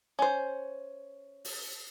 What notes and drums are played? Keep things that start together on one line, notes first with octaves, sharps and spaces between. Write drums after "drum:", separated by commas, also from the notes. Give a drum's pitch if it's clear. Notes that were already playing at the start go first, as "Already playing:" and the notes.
C#4 C5
drum: open hi-hat